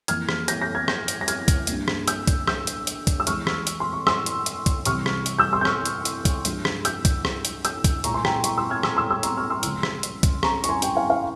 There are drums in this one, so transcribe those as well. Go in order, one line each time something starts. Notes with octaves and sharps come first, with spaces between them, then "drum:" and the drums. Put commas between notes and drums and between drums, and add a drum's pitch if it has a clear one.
F2 E3 A#3 F6 G#6, drum: hi-hat
drum: rim click
G6 A#6, drum: hi-hat
G6 A#6
F6 G#6
G6 A#6, drum: rim click
drum: hi-hat
A#6
F6 G#6, drum: hi-hat
drum: kick, hi-hat
G2 G3 A#3, drum: hi-hat
drum: rim click
E6 G6, drum: hi-hat
drum: kick, hi-hat
E6 G6, drum: rim click
drum: hi-hat
drum: hi-hat
drum: kick, hi-hat
E6
E2 E3 G#3 C#6 F6, drum: hi-hat
drum: rim click
drum: hi-hat
C6
C#6
C6 E6, drum: rim click
drum: hi-hat
drum: hi-hat
drum: kick, hi-hat
C2 C3 E3 G3 C#6 F6, drum: hi-hat
drum: rim click
drum: hi-hat
E6 G6
C6 E6
G6
C#6 F6, drum: rim click
drum: hi-hat
drum: hi-hat
drum: kick, hi-hat
G2 F3 G#3, drum: hi-hat
drum: rim click
E6 G6, drum: hi-hat
drum: kick, hi-hat
drum: rim click
drum: hi-hat
E6 G6, drum: hi-hat
drum: kick, hi-hat
A#2 G#3 A#5 C#6, drum: hi-hat
G#5 C6
G5 A#5, drum: rim click
A#5 C#6, drum: hi-hat
C6 E6
F6 G#6
C6 E6, drum: rim click
C6 E6
C6 E6
A#5 C#6, drum: hi-hat
C#6 F6
C6 E6
C#2 C#3 F3 G#3, drum: hi-hat
drum: rim click
drum: hi-hat
drum: kick, hi-hat
A#5 C#6, drum: rim click
C#6, drum: hi-hat
G#5 C6
G5 A#5, drum: hi-hat
F5 G#5
F5